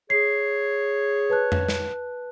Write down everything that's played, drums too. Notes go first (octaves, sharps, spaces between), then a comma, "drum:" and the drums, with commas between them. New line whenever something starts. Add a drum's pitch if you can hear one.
G#4 C#5 C7
B4 A5 F#6
drum: tom F2
drum: snare